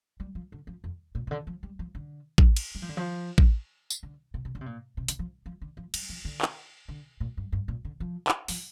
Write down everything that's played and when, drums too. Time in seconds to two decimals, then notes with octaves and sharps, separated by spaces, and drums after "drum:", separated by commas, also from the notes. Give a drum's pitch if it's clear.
0.20 G3
0.35 F3
0.52 D3
0.67 F3
0.84 F2
1.15 A#2
1.27 C3
1.31 D3
1.47 F3
1.63 G3
1.79 F3
1.95 D3
2.38 drum: kick A1
2.56 drum: cymbal
2.75 G3
2.82 F3
2.89 D3
2.97 F3
3.38 drum: kick A1
3.90 drum: tambourine
4.03 D3
4.34 C3
4.45 C3
4.55 D3
4.61 C3
4.66 A#2
4.97 C3
5.08 D3, drum: hi-hat
5.19 F3
5.46 F3
5.62 D3
5.77 F3
5.94 G3, drum: cymbal
6.09 F3
6.25 D3
6.42 drum: clap
6.88 D3
7.20 A#2
7.37 G2
7.52 G2
7.68 A#2
7.85 D3
8.00 F3
8.28 drum: clap
8.48 F3, drum: open hi-hat